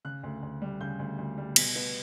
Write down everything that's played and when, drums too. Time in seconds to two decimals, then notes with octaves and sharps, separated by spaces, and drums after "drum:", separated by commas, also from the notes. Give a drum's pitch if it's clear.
0.05 C#3 F#6
0.23 D2
0.43 D2
0.62 G3
0.81 C#3 G6
0.99 D2
1.18 D2
1.38 G3
1.56 B2 B6, drum: cymbal
1.75 B3